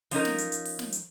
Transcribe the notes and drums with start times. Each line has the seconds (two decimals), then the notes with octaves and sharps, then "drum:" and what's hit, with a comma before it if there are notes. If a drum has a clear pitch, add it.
0.11 F3 C#4 D#4 A#4, drum: open hi-hat
0.25 drum: snare
0.38 drum: hi-hat
0.52 drum: hi-hat
0.65 drum: open hi-hat
0.79 drum: snare
0.92 drum: hi-hat